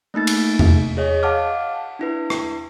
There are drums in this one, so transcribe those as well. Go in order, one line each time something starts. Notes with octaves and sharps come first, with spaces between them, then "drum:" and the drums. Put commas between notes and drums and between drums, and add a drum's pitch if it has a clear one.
A3 A#3 D#4 A6
drum: cymbal
drum: tom E2
G#4 C#5 D#5
F5 F#5 A5 D6 F6
D4 E4 B4
drum: rim click